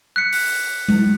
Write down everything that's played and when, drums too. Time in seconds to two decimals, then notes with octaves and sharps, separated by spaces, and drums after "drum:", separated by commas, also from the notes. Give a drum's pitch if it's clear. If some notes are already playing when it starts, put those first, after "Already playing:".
0.16 F#6 B6 C#7
0.32 drum: open hi-hat
0.88 drum: tom G#3